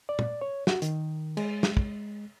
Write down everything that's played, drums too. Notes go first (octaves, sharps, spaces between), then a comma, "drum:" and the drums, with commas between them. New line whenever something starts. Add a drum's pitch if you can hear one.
D5
drum: tom
C#5
F#4, drum: snare
D#3, drum: hi-hat
G#3, drum: cymbal
drum: snare
drum: kick